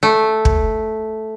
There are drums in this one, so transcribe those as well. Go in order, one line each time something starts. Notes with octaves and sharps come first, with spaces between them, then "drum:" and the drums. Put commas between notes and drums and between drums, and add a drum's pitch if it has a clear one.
A3
drum: kick